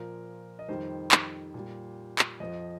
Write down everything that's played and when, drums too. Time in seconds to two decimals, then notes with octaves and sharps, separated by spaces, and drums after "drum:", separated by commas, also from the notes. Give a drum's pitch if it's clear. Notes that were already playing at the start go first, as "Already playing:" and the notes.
Already playing: A#2 F3 A#4
0.59 D#5
0.69 F2 D#3 G3 C5
1.12 drum: clap
1.54 A#2 G3
2.19 drum: clap
2.40 F2 F3 D#5